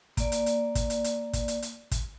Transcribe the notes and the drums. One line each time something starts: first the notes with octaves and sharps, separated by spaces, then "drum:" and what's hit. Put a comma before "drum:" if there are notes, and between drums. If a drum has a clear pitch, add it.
A#3 D5, drum: kick, hi-hat
drum: hi-hat
drum: hi-hat
drum: kick, hi-hat
drum: hi-hat
drum: hi-hat
drum: kick, hi-hat
drum: hi-hat
drum: hi-hat
drum: kick, hi-hat